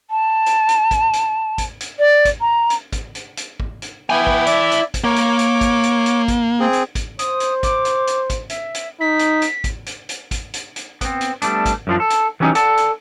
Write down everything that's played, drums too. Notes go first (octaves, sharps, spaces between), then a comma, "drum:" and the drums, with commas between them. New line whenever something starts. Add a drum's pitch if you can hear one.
A5
drum: hi-hat
drum: hi-hat
drum: kick G#1, hi-hat
drum: hi-hat
drum: kick G#1, hi-hat
drum: hi-hat
D5
drum: kick G#1, hi-hat
A#5
drum: hi-hat
drum: kick G#1, hi-hat
drum: hi-hat
drum: hi-hat
drum: kick G#1
drum: hi-hat
B3 E4 G5 G#5
drum: kick G#1
D5 E5, drum: hi-hat
drum: hi-hat
drum: kick G#1, hi-hat
A#3 C#5 D6
drum: hi-hat
drum: hi-hat
drum: kick G#1, hi-hat
drum: hi-hat
drum: hi-hat
drum: kick G#1, hi-hat
C4 G#4
drum: hi-hat
drum: kick G#1, hi-hat
C5 D#6, drum: hi-hat
drum: hi-hat
D6, drum: kick G#1, hi-hat
drum: hi-hat
drum: hi-hat
drum: kick G#1, hi-hat
E5, drum: hi-hat
drum: hi-hat
D#4 B6
drum: hi-hat
drum: hi-hat
drum: kick G#1, hi-hat
drum: hi-hat
drum: hi-hat
drum: kick G#1, hi-hat
drum: hi-hat
drum: hi-hat
B3 C4, drum: kick G#1, hi-hat
drum: hi-hat
G3 A3 B3 D4, drum: hi-hat
drum: kick G#1, hi-hat
F#2 F3 D4
A4
drum: hi-hat
E3 F#3 G3 C#4 D#4
A4 D5 F#5 A5, drum: hi-hat
drum: hi-hat